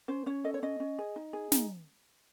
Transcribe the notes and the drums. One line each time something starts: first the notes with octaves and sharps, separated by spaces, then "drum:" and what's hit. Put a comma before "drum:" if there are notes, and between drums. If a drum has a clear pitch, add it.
C#4 C5
C#4 C#5
A4 D#5
C#5
C#4 D#5
C#4
G#4
D#4
G#4
D#4, drum: snare